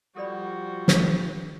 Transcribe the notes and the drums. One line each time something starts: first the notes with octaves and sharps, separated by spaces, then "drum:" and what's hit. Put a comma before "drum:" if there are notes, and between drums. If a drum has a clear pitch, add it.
F3 G3 F#4 A4 D5 B5
drum: snare